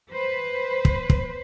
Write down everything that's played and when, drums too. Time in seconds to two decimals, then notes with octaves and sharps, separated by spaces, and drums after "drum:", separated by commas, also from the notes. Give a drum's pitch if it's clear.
0.10 B4 C5
0.85 drum: kick
1.10 drum: kick